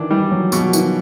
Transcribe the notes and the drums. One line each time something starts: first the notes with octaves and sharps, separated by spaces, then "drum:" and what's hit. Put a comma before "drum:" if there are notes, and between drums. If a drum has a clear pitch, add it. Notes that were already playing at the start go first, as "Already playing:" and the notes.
Already playing: D#3 E3 D4
E3 G3
F#3
B2 F3, drum: tambourine
D#3
E3, drum: tambourine